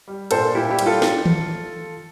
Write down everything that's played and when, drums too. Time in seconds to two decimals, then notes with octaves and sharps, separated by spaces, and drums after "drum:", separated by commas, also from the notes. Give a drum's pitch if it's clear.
0.08 G3
0.31 A#2 A4 C5, drum: cymbal
0.55 A#2 E4 G4
0.70 E4 G4
0.79 G3, drum: cymbal
0.86 F4 A4
1.02 drum: snare
1.26 drum: tom D#3